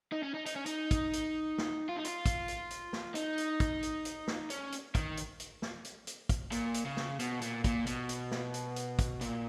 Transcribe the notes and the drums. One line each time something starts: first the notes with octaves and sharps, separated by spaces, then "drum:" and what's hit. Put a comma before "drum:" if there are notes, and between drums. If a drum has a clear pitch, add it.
D#4
C#4
D#4
D#4, drum: hi-hat
C#4
D#4, drum: hi-hat
drum: kick, hi-hat
drum: hi-hat
drum: snare
F4
D#4
F4, drum: hi-hat
drum: kick, hi-hat
drum: hi-hat
drum: hi-hat
drum: snare
D#4, drum: hi-hat
drum: hi-hat
drum: kick, hi-hat
drum: hi-hat
drum: hi-hat
drum: snare
C#4, drum: hi-hat
drum: hi-hat
D#3, drum: kick, hi-hat
drum: hi-hat
drum: hi-hat
drum: snare
drum: hi-hat
drum: hi-hat
drum: kick, hi-hat
A#2, drum: hi-hat
drum: hi-hat
C#3
drum: snare
B2, drum: hi-hat
A#2, drum: hi-hat
A#2, drum: kick, hi-hat
B2, drum: hi-hat
drum: hi-hat
drum: snare
drum: hi-hat
drum: hi-hat
drum: kick, hi-hat
A#2, drum: hi-hat